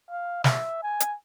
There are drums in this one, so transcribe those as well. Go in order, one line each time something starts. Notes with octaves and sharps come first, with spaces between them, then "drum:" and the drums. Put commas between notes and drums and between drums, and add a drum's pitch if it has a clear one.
F5
E5, drum: snare
G#5
drum: hi-hat